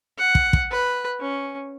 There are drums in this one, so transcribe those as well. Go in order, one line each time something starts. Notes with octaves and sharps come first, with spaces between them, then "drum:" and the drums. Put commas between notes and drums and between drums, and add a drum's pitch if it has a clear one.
F#5
drum: kick
drum: kick
B4
C#4